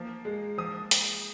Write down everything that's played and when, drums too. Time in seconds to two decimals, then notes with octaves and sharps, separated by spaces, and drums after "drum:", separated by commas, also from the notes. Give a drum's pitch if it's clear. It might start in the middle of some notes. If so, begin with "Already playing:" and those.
Already playing: F3 A#3
0.25 G#3
0.58 F3 D#6
0.91 drum: hi-hat